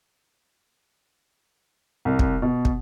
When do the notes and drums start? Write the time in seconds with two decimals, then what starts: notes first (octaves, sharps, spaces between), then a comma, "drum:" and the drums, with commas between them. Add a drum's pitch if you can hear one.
2.05 C2
2.19 drum: kick
2.42 B2
2.65 drum: kick